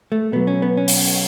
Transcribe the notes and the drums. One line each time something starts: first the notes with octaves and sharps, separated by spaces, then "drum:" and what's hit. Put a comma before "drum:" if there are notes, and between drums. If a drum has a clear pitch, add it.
A3
B2 F#3 B3
C#4
B3
C#4
drum: open hi-hat